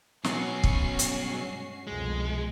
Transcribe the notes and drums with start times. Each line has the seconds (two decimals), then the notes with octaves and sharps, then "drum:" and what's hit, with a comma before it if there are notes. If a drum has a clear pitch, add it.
0.24 B2 F#3 C#4 F#4 C7, drum: snare
0.64 drum: kick
0.99 G2 G#3, drum: hi-hat
1.87 C2 F2 B2 G#3